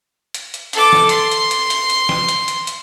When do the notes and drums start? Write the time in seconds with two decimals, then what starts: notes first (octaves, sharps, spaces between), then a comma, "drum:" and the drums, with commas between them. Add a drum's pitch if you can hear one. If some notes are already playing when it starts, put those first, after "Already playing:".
0.34 drum: hi-hat
0.54 drum: hi-hat
0.73 A4 D6, drum: hi-hat
0.93 drum: snare
1.09 C6, drum: hi-hat
1.31 drum: hi-hat
1.51 drum: hi-hat
1.70 drum: hi-hat
1.90 drum: hi-hat
2.09 drum: snare
2.28 drum: hi-hat
2.48 drum: hi-hat
2.67 drum: hi-hat